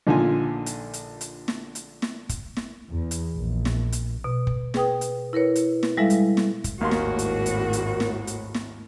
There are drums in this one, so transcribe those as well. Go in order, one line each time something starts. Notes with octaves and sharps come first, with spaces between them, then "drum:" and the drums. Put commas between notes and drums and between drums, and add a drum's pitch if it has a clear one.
A#1 D3 D#4 F4 G#5
drum: hi-hat
drum: hi-hat
drum: hi-hat
drum: snare
drum: hi-hat
drum: snare
drum: kick, hi-hat
drum: snare
E2
drum: hi-hat
A#1
drum: snare
drum: hi-hat
B2
drum: kick
G#4 B4 G5 D#6, drum: snare
drum: hi-hat
E4 A#4 B4 C#5
drum: hi-hat
drum: snare
G3 G#3 E4 A4 E5 F5
drum: hi-hat
drum: snare
drum: kick, hi-hat
G#1 D#2 A2 F#4 A#4 F5 C6
drum: snare
drum: hi-hat
drum: hi-hat
drum: hi-hat
drum: snare
drum: hi-hat
drum: snare